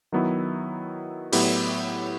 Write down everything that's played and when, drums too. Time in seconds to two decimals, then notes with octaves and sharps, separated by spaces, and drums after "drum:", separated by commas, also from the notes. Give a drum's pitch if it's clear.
0.12 D#3 F#3 B3 E4
1.32 A2 F#3 B3 E4 G4, drum: open hi-hat